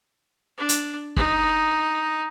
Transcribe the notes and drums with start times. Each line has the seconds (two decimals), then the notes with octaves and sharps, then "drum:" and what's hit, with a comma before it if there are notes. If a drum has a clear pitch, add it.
0.58 D4
0.69 drum: hi-hat
1.16 D#4, drum: kick F#1